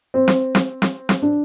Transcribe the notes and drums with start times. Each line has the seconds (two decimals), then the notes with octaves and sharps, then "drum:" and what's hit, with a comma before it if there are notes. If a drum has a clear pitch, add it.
0.14 C4
0.28 drum: snare
0.55 drum: snare
0.82 drum: snare
1.09 drum: snare
1.22 D4